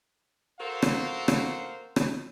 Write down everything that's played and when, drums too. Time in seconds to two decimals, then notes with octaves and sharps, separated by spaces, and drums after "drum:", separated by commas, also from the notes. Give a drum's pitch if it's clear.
0.60 F#4 A4 A#4 C5 F5
0.82 drum: rim click
1.28 drum: rim click
1.96 drum: rim click